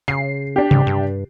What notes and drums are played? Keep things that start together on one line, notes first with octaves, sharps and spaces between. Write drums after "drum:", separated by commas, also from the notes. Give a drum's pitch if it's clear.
C#3 C7
D4 G4
G#2, drum: tom C3
G2